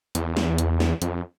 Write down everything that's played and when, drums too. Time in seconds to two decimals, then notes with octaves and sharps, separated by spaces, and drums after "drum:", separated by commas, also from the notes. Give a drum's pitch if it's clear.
0.15 E2, drum: hi-hat
0.37 drum: snare
0.58 drum: hi-hat
0.80 drum: snare
1.02 F2, drum: hi-hat